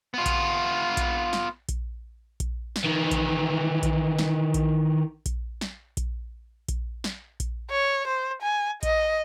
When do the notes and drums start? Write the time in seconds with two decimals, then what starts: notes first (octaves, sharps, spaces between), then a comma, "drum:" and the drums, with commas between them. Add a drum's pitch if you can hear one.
0.14 B3 F4
0.26 drum: kick A#1, hi-hat
0.97 drum: kick A#1, hi-hat
1.33 drum: snare
1.69 drum: kick A#1, hi-hat
2.40 drum: kick A#1, hi-hat
2.76 drum: snare
2.86 D#3 E3
3.11 drum: kick A#1, hi-hat
3.83 drum: kick A#1, hi-hat
4.19 drum: snare
4.54 drum: kick A#1, hi-hat
5.26 drum: kick A#1, hi-hat
5.61 drum: snare
5.97 drum: kick A#1, hi-hat
6.68 drum: kick A#1, hi-hat
7.04 drum: snare
7.40 drum: kick A#1, hi-hat
7.71 C#5
8.07 C5
8.42 G#5
8.83 D#5, drum: kick A#1, hi-hat